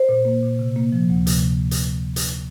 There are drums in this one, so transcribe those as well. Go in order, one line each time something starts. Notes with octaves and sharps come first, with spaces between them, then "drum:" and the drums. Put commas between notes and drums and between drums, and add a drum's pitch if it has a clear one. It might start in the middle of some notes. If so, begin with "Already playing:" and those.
Already playing: C5
A#2
A#3
A#2
C3
A#3
F3
D2
C3, drum: hi-hat
drum: hi-hat
drum: hi-hat